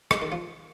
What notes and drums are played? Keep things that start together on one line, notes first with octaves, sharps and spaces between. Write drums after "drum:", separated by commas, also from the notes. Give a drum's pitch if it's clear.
G#3, drum: rim click
D#3
F3